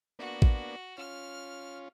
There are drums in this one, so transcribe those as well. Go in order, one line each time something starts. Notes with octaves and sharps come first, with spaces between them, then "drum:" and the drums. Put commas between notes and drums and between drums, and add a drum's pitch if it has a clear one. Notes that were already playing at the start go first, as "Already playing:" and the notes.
A#3 B3 D4 F#4
drum: kick A1
C#4 F4 F6